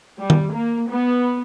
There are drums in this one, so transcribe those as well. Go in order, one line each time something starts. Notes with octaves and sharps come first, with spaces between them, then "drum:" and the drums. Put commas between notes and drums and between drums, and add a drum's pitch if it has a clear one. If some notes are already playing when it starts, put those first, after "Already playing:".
G3
drum: tom D#3
A#3
B3